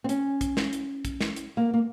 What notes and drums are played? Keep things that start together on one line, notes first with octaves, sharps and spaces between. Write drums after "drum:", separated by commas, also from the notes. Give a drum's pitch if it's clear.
C4
C#4, drum: hi-hat
drum: kick, hi-hat
drum: snare
drum: hi-hat
drum: kick, hi-hat
drum: snare
drum: hi-hat
A#3
A#3